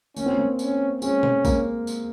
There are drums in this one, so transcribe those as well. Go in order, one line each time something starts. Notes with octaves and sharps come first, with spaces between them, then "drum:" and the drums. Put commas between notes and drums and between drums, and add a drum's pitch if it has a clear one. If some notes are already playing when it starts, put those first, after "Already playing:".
A#3 C#4, drum: tambourine
C4
A#3
C#4, drum: tambourine
G#3 C#4, drum: tambourine
drum: tom
A#3, drum: kick, tambourine
drum: tambourine